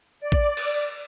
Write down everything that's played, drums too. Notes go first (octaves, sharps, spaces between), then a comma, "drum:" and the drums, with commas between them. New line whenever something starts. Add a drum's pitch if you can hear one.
D5
drum: kick A1
drum: cymbal